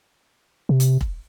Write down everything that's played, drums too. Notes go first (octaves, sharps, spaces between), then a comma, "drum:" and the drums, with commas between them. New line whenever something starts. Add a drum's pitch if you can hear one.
C3
drum: hi-hat
drum: kick